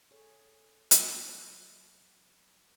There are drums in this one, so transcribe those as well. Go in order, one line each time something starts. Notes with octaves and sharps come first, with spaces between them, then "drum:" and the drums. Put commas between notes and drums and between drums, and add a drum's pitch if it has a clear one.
G#4 A4 C#5
F#3 G#4, drum: hi-hat